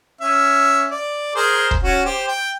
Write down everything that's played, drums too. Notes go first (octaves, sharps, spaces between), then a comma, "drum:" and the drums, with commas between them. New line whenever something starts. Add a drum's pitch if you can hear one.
C#4 E5
D5
G#4 A#4 C5
drum: kick
C#4 F#4
G4 C5
G5